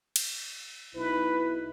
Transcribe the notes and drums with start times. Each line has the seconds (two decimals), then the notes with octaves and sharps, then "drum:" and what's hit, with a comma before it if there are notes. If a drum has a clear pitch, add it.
0.16 drum: cymbal
0.96 B1 D#4 E4 B4